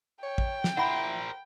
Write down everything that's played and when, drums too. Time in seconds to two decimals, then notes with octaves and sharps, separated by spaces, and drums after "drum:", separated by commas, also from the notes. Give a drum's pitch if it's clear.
0.23 C#5 G5
0.38 drum: kick A1
0.64 drum: snare
0.77 E4 A#4 C5 F#5 B5